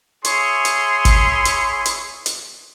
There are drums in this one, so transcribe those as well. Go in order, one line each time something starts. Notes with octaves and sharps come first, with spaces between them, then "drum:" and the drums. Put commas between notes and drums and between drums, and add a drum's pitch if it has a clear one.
E4 G#4 C#5 C6, drum: hi-hat
drum: hi-hat
drum: kick G#1, hi-hat
drum: hi-hat
drum: hi-hat
drum: hi-hat